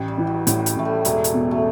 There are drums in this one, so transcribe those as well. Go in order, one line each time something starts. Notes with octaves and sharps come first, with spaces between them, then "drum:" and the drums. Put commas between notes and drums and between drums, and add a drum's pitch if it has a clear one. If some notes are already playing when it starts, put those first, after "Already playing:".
Already playing: A1
G3
E3
F#3
A2 G3, drum: hi-hat
drum: hi-hat
A1 A3
G3
E1 A3, drum: hi-hat
drum: hi-hat
B2
A3